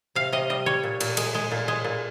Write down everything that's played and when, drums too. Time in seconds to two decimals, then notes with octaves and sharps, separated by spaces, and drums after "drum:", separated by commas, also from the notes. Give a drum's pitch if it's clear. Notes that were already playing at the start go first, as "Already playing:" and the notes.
0.15 C3 F5
0.32 C3 D#5
0.50 G3 D#5
0.66 G3 C#5
0.83 A#2
1.00 A#2, drum: cymbal
1.17 G#3, drum: cymbal
1.35 G#3
1.51 A#2
1.68 G#3
1.84 A#2